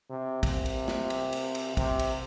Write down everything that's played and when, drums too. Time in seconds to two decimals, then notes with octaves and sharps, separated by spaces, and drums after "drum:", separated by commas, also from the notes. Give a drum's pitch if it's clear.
0.10 C3
0.43 C3, drum: kick, cymbal
0.66 drum: cymbal
0.88 drum: snare
1.10 drum: cymbal
1.32 drum: cymbal
1.55 drum: cymbal
1.77 C3, drum: kick, cymbal
1.99 drum: cymbal